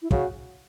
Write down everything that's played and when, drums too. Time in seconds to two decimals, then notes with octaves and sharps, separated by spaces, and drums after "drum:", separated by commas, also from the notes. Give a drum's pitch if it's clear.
0.02 E4
0.11 C#3 F#4, drum: kick